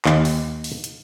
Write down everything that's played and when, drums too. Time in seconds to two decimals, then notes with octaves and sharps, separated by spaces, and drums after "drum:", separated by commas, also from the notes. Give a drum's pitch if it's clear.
0.05 D#2, drum: clap
0.25 drum: open hi-hat
0.64 drum: open hi-hat
0.84 drum: hi-hat